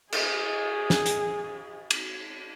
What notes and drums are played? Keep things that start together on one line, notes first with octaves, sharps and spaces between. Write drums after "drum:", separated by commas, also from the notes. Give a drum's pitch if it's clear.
G#4, drum: cymbal
drum: snare
drum: hi-hat
drum: cymbal